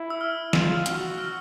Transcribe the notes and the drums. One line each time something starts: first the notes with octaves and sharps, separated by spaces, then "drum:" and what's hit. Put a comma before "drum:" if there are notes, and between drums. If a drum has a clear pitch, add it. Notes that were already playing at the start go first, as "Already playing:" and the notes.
Already playing: E4
E6
F6
F4, drum: snare
F#4 F6, drum: hi-hat
F6